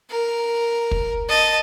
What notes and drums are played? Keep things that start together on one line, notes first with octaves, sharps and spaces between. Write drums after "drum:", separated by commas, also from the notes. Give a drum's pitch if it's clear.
A#4
drum: kick
D#5 A5